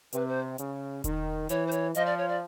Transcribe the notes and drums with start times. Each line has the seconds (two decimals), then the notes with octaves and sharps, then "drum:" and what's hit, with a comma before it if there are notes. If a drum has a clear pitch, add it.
0.13 C3 B4, drum: hi-hat
0.28 C5
0.58 C#3, drum: hi-hat
1.04 D#3, drum: kick E1, hi-hat
1.49 E3 C#5, drum: hi-hat
1.67 C5
1.71 C#5, drum: hi-hat
1.95 F3 D#5, drum: hi-hat
2.06 D5
2.18 C#5
2.28 D5